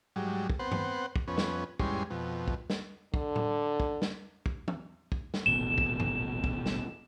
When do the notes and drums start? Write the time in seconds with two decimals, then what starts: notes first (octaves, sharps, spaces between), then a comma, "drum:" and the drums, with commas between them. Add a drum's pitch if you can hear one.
0.16 G#2 F#3 G3
0.50 drum: kick
0.59 B3 C4 C5 F#5
0.72 drum: tom G2
1.16 drum: kick
1.28 F2 B3 C#4
1.38 drum: snare
1.80 E2 G#2 G3 C#4 C6, drum: kick
2.10 F2 B2
2.48 drum: kick
2.70 drum: snare
3.14 D3, drum: kick
3.36 drum: tom A2
3.80 drum: kick
4.02 drum: snare
4.46 drum: kick
4.68 drum: tom
5.12 drum: kick
5.34 drum: snare
5.46 D#1 A1 B2 E7
5.78 drum: kick
6.00 drum: tom G2
6.44 drum: kick
6.66 drum: snare